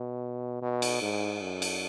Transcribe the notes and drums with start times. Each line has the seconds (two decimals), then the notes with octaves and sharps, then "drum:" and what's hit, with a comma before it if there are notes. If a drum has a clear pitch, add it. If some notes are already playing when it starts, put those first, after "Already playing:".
Already playing: B2
0.62 B2
0.82 drum: cymbal
1.02 G#2
1.42 F#2
1.62 drum: cymbal